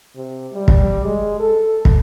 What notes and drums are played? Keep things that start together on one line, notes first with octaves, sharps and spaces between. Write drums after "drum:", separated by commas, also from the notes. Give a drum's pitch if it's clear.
C3
G3
drum: kick
G#3
A4
drum: kick